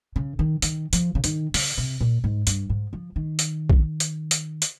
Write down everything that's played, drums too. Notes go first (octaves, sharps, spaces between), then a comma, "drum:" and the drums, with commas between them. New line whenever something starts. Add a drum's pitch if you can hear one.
C#3
D#3
D#3, drum: hi-hat
F3, drum: hi-hat
C#3
D#3, drum: hi-hat
C#3, drum: open hi-hat
C3
A#2
G#2
G2, drum: hi-hat
G#2
F3
D#3
drum: hi-hat
drum: kick A#1
drum: hi-hat
drum: hi-hat
drum: hi-hat